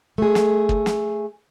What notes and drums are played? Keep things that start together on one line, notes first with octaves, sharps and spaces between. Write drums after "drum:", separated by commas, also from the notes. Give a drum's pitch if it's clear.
A3 G#4
drum: snare
drum: kick
drum: snare